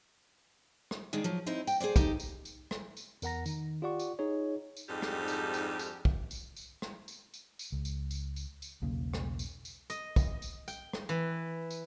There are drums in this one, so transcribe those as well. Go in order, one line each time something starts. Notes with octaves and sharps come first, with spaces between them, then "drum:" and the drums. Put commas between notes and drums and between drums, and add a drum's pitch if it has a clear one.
drum: rim click
D#3 G#3 D4 G#4
F3 F#3
C4 D#4 E4
G5, drum: tambourine
G#4 A4 C5 D5
D#4 G4 A4, drum: kick, tambourine
drum: tambourine
drum: tambourine
drum: rim click
drum: tambourine
E2 A#4 F#5 A#5 A#6, drum: tambourine
D#3, drum: tambourine
F4 G4 D5 F#5 C#6
drum: tambourine
D#4 G#4 C#5
drum: tambourine
F2 G#2 G3 D4 D#4 G4
drum: rim click
drum: tambourine
drum: tambourine
drum: tambourine
drum: kick
drum: tambourine
drum: tambourine
drum: rim click
drum: tambourine
drum: tambourine
drum: tambourine
C#2
drum: tambourine
drum: tambourine
drum: tambourine
drum: tambourine
B1 E2 C#3 A#3
drum: rim click
drum: tambourine
drum: tambourine
D#5, drum: tambourine
drum: kick, tambourine
drum: tambourine
G5, drum: tambourine
drum: rim click
E3
drum: tambourine